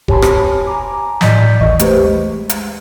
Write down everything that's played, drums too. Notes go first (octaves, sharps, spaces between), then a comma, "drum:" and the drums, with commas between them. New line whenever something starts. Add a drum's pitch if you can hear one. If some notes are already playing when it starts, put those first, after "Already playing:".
G4 C#5 G#5 A5 B5 C6, drum: kick E1
drum: rim click
G#5 A#5 D6
A2 D5 D#5 G6 B6, drum: snare
G#1 D#2 E3 D#5 C#6
A3 G4 B4 C5, drum: hi-hat
G#3
drum: hi-hat